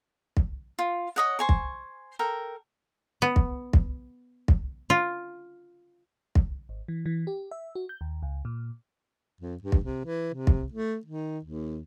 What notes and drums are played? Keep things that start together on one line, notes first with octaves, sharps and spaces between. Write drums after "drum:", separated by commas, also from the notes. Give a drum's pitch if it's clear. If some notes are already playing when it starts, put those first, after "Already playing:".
drum: kick
F4
C#5 D#5 F#5
C5 G#5 C#6
drum: kick
A4 A#4 G5
B3
drum: kick
drum: kick
drum: kick
F4
drum: kick
G#1
E3
E3
G4
E5
F#4
G6
D#2
C#2
A#2
F2
G2
drum: kick
C3
E3
C3
drum: kick
A3
D#3
D#2